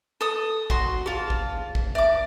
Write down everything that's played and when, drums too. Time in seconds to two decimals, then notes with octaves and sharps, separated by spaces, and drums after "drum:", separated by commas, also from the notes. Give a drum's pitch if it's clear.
0.21 A4 D#6
0.70 F#4 C6, drum: kick
1.06 F4 G#4 A5
1.30 drum: kick
1.75 drum: kick
1.95 D5 E5 D6